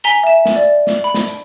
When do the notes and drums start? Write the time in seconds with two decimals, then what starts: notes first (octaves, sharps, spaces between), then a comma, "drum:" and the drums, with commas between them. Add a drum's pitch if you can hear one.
0.04 G#5 A#5 B6 F7 G7, drum: hi-hat
0.24 E5 E7
0.45 drum: snare
0.56 D5
0.87 drum: snare
1.04 B5
1.14 drum: snare
1.28 drum: hi-hat